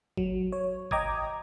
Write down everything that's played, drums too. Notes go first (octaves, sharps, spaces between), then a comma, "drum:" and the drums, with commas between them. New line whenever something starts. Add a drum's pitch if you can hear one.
F#3, drum: kick G#1
C#5
D#5 G5 A#5 D6 D#6 G#6, drum: kick G#1